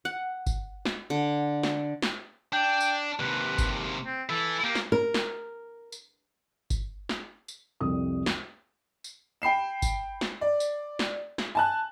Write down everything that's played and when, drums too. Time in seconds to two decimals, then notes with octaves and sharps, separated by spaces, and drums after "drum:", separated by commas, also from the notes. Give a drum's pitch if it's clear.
0.05 F#5
0.46 drum: kick G1, tambourine
0.85 drum: snare
1.10 D3
1.63 drum: snare
2.02 drum: snare
2.53 D4 G5
2.80 drum: tambourine
3.19 D#2 C3 B4
3.58 drum: kick G1, tambourine
4.05 C4
4.29 E3 E4 A4
4.64 A#3 G4
4.75 drum: snare
4.92 A#4
5.14 drum: snare
5.92 drum: tambourine
6.70 drum: kick G1, tambourine
7.09 drum: snare
7.48 drum: tambourine
7.81 C2 F2 G3 D#6
8.26 drum: snare
9.04 drum: tambourine
9.42 G5 B5 C7 E7
9.82 drum: kick G1, tambourine
10.21 drum: snare
10.41 D5
10.60 drum: tambourine
10.99 drum: snare
11.38 drum: snare
11.55 G#5 A5 F#6